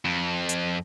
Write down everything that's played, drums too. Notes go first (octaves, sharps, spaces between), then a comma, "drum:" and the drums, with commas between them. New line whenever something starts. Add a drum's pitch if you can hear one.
F2
drum: hi-hat